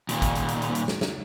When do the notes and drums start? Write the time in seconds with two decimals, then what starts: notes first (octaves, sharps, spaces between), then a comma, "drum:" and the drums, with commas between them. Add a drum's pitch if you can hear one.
0.09 D#2 A#2, drum: hi-hat
0.22 drum: kick G#1, hi-hat
0.35 drum: hi-hat
0.48 drum: hi-hat
0.62 drum: hi-hat
0.75 drum: hi-hat
0.88 drum: snare
1.01 drum: snare